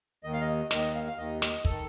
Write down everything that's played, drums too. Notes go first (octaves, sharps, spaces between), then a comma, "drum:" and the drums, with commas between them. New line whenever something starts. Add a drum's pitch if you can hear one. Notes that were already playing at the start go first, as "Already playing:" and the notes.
D#2 D#3 D#5
F5
D#5
D#2 D#3 D#5, drum: snare
F5
F5
D#2 D#3 D#5
D#5, drum: snare
D#3 A4, drum: kick